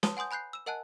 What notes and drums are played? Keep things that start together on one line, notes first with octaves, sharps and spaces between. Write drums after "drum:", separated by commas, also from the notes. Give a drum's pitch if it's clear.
B4 C#5 A5 C6 D#6 G7, drum: snare
F#5 G#5 C6 D#6 G6
G#5 B5 F#6 G6 C7
E6 E7
A#4 D#5 F#5 G#5 A5 F#6